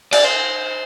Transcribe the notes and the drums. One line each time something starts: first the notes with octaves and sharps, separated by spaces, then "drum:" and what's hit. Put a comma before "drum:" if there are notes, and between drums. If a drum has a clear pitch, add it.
D5, drum: cymbal
C5